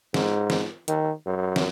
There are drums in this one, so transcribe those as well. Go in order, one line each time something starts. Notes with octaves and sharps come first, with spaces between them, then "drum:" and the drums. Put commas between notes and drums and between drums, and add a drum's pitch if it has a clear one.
G#2, drum: snare
drum: snare
D#3, drum: hi-hat
F#2
drum: snare